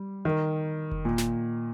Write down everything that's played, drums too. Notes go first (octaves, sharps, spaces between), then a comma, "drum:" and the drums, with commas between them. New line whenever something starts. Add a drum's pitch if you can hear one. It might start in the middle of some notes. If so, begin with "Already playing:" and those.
Already playing: G3
D#3
drum: kick F1
A#2
drum: snare